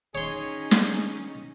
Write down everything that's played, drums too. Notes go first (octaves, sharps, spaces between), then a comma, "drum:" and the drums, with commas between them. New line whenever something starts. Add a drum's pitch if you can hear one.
D#3 C#4 D#4 G#4 C#5 C6
drum: snare